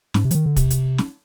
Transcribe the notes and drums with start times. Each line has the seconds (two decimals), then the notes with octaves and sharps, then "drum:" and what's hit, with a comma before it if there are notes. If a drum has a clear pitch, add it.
0.14 G#2, drum: snare
0.25 C3
0.31 F3, drum: hi-hat
0.35 D#3
0.46 D3
0.56 C3, drum: kick, hi-hat
0.70 drum: hi-hat
0.98 drum: snare